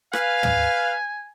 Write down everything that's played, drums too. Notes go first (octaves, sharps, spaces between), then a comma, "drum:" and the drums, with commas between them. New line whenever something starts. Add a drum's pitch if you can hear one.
B4 F5 G#5, drum: rim click
drum: tom